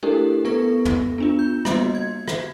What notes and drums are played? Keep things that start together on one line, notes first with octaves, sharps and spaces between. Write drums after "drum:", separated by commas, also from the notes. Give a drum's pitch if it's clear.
A3 D4 E4 G4 A4 A#4
B3 A4 B4 C#6 A#6
drum: tom
B3 D4 F4
G6
G3 A#3 B3 F#4 D#5 C6, drum: rim click
G#6
drum: rim click